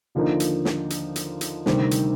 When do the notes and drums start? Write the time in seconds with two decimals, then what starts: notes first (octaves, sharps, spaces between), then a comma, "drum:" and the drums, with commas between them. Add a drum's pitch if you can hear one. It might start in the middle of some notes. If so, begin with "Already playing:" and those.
0.15 D#2 D3 F3 A#3 D#4
0.40 drum: hi-hat
0.65 drum: snare
0.90 drum: hi-hat
1.16 drum: hi-hat
1.41 drum: hi-hat
1.66 D2 C3 D#3 G3 C4, drum: snare
1.91 drum: hi-hat